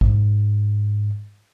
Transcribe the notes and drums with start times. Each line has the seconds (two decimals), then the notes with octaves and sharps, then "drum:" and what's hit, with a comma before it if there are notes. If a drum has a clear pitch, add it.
0.01 G#2, drum: kick G#1